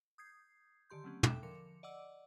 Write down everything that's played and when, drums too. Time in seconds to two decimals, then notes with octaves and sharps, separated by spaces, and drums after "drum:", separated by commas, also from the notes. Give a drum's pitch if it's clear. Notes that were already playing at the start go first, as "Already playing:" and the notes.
0.18 D#6 G6 G#6 C7
0.90 D3 D#3 G4 C6 G6
1.04 F#3 A3 A#3 C4 C#4 G4
1.23 A4 E5 G5 D6 F#6 E7, drum: tom
1.43 D3 F3 A#4 D6 C#7
1.83 D5 D#5 F#5 D6 E6